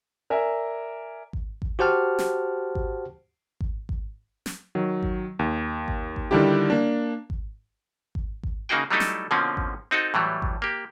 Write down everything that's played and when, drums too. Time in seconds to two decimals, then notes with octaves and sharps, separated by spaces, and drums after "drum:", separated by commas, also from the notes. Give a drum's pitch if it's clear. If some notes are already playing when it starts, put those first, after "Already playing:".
0.30 A#4 D5 E5 G#5
1.33 drum: kick G#1
1.62 drum: kick G#1
1.79 F#4 G4 C5 F#5 A5 F6
2.19 drum: snare
2.75 drum: kick G#1
3.61 drum: kick G#1
3.89 drum: kick G#1
4.46 drum: snare
4.75 D#3 F#3
5.03 drum: kick G#1
5.39 D#2
5.88 drum: kick G#1
6.16 drum: kick G#1
6.31 D3 D#3 G3 D4 E4 G4
6.70 A#3 D4
7.30 drum: kick G#1
8.15 drum: kick G#1
8.43 drum: kick G#1
8.69 C#3 A#3 D#4 F#4 G#4 G5
8.91 F#3 G3 A3 D#4 E4 A4
9.00 drum: snare
9.31 B2 D3 F3 A#3 C4 C#4
9.57 drum: kick G#1
9.91 C4 D#4 F#4 A4
10.14 A2 E3 F#3 G3 A3
10.42 drum: kick G#1
10.62 A#3 G4